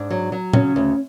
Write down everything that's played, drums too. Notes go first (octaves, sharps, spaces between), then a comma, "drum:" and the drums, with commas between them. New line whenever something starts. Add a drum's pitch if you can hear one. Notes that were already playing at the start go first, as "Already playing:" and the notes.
Already playing: G#2 D4
F#3
F#3
C#3 C#4, drum: tom A#2
D2